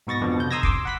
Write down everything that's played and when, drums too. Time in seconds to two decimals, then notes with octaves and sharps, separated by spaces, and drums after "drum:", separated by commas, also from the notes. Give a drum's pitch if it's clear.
0.07 G#2 B2 C#6 A6 A#6
0.21 F2 B2 D3 F3
0.39 C3 G6
0.51 A#5 C6 D#6 E6 G#6 A#6
0.63 C6 D6 E6, drum: kick
0.85 F#5 B5 B6